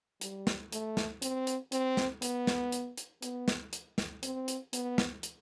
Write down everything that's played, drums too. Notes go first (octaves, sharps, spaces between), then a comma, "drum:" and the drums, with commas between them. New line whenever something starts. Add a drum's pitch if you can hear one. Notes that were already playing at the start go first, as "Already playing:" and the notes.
G3, drum: hi-hat
drum: snare
A3, drum: hi-hat
drum: snare
C4, drum: hi-hat
drum: hi-hat
C4, drum: hi-hat
drum: snare
B3, drum: hi-hat
drum: snare
drum: hi-hat
drum: hi-hat
B3, drum: hi-hat
drum: snare
drum: hi-hat
drum: snare
C4, drum: hi-hat
drum: hi-hat
B3, drum: hi-hat
drum: snare
drum: hi-hat